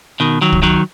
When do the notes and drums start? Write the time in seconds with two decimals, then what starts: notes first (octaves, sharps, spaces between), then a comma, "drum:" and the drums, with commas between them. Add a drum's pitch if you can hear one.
0.20 B2 D#3
0.41 D#3 F#3
0.52 drum: kick
0.63 D#3 F#3